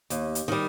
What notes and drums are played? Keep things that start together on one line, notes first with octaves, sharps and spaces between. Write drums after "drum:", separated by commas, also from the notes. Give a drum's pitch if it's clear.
D#2, drum: hi-hat
drum: hi-hat
D#3 G3